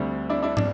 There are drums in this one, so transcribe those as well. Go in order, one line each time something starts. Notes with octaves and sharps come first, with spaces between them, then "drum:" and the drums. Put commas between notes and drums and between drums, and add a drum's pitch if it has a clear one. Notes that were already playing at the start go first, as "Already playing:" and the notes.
Already playing: D2 D3 G3 C4
D4 E4
D4 E4
D4, drum: tom